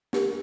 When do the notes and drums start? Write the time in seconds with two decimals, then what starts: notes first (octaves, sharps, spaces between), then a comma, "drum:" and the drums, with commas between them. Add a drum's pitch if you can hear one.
0.13 D4 G4 A#4, drum: snare